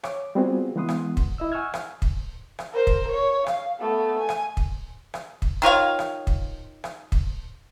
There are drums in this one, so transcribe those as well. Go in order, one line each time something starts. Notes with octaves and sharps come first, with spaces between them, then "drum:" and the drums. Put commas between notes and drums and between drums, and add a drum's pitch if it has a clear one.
C#5 D6, drum: rim click
G3 B3 C4 F4 F#4 G#4
E3 G#3 B3 F#5 C6 D#6
drum: rim click
drum: kick
E4 D#5 E6
F#5 G#5 C#6 E6 F6 G#6
drum: rim click
drum: kick
drum: rim click
A#4 C5
drum: kick
C#5
F5, drum: rim click
A3 B3
G#5
drum: rim click
drum: kick
drum: rim click
drum: kick
D#3 F4 C#5 F5
drum: rim click
drum: kick
drum: rim click
drum: kick